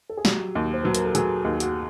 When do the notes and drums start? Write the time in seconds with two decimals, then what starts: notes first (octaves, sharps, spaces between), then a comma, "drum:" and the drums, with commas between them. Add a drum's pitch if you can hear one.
0.09 A4
0.17 G#4
0.25 F#3 G4, drum: snare
0.55 D#2
0.73 C5
0.83 F#3 B4
0.95 A#4, drum: hi-hat
1.05 A4
1.15 F#3 G#4, drum: hi-hat
1.45 D#2
1.60 F#4, drum: hi-hat